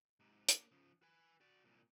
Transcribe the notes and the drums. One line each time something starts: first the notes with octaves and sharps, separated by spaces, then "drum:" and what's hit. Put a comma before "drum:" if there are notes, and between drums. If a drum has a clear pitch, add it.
G#2 C3
A#3 D4, drum: hi-hat
C#3 F3
B4 G#5
F#4 D5
C2 A#2